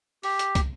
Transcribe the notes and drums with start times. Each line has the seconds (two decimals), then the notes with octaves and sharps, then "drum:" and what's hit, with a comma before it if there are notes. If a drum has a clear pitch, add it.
0.23 G4, drum: open hi-hat
0.39 drum: hi-hat
0.55 drum: kick, hi-hat